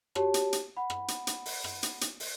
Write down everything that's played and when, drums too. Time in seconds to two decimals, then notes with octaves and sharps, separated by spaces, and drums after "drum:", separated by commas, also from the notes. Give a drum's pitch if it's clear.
0.15 F#4 G4 C#5 A5, drum: rim click
0.34 drum: hi-hat
0.53 drum: hi-hat
0.77 F#5 B5
0.90 drum: rim click
1.08 drum: hi-hat
1.27 drum: hi-hat
1.46 drum: open hi-hat
1.64 drum: rim click
1.83 drum: hi-hat
2.01 drum: hi-hat
2.20 drum: open hi-hat